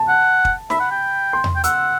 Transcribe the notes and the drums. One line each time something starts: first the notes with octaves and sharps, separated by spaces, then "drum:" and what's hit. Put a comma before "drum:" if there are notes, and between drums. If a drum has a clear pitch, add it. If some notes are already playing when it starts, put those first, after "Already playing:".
Already playing: A5
F#5
drum: kick
E5 B5, drum: snare
F#5
G5
C6
drum: tom E2
G5
F#5 E6, drum: hi-hat